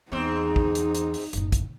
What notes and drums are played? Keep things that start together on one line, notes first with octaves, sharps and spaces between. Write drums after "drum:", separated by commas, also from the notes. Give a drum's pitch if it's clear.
E2 G#2 C4 D#4
drum: kick
drum: hi-hat
drum: hi-hat
drum: open hi-hat
F#1 A2, drum: hi-hat
drum: kick, hi-hat